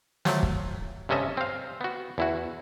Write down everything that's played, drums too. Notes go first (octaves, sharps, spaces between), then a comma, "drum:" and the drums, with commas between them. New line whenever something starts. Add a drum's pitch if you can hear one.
F3 F#3 A3, drum: snare
drum: kick
G2 C3 C#4 A4 D#5 E5
C4 F5
B3 F#4
E2 E4 F#4